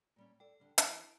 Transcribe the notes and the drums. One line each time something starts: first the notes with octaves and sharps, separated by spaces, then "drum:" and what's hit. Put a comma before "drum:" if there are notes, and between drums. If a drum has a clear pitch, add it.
A#2 G3 C#4
A4 D5 G5
D3 G3
E3 E4 G#5 A5 D7, drum: hi-hat